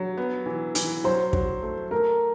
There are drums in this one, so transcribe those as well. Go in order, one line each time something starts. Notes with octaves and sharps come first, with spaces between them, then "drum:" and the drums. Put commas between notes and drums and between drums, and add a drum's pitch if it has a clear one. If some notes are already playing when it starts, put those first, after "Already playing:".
Already playing: F#3
B3
E3
E3, drum: hi-hat
F#3 C5
F#3, drum: kick
A3
A3 A#4